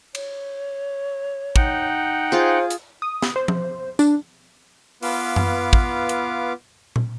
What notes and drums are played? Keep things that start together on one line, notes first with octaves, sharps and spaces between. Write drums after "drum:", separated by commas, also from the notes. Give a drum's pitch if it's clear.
C#5, drum: cymbal
D#4 F#5 G5, drum: kick
F4 G#4 C5
drum: hi-hat
D#6
drum: snare
C5
drum: tom F3
D4, drum: tambourine
B3 F4 B4 F5 D6, drum: open hi-hat
drum: tom F#2
drum: kick
drum: hi-hat
drum: tom A#2